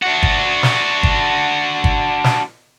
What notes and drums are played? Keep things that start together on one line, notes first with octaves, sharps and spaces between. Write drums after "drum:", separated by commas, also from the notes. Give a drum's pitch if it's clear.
D4 F#4
drum: kick G1
drum: snare
drum: kick G1
drum: kick G1
drum: snare